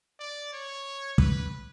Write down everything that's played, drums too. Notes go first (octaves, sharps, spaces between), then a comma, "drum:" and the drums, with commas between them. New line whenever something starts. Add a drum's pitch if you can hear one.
D5
C#5
B4, drum: kick